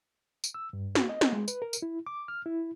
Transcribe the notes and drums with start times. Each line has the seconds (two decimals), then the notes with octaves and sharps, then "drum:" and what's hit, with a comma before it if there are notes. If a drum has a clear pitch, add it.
0.44 drum: tambourine
0.54 E6
0.73 G2
0.95 F#4, drum: snare
1.09 D#5
1.21 drum: snare
1.33 G#3
1.48 B4, drum: tambourine
1.62 A#4
1.73 drum: tambourine
1.82 E4
2.07 D6
2.28 F6
2.46 E4